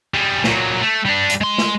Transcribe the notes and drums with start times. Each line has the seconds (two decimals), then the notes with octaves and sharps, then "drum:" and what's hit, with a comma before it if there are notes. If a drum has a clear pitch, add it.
0.14 G3 G#4
0.44 A#2 F#3, drum: snare
0.82 A3
1.06 G3 D4
1.30 drum: hi-hat
1.41 G#3 C6
1.58 drum: snare